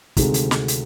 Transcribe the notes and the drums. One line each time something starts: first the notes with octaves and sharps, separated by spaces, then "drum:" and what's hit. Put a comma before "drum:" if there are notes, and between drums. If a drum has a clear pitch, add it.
D2 C3 D#3 G#3, drum: kick, hi-hat
drum: hi-hat
drum: snare
drum: hi-hat